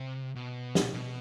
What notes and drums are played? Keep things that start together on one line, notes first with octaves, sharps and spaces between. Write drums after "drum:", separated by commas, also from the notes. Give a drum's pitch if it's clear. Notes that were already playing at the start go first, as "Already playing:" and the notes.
Already playing: C3
B2
drum: snare
B2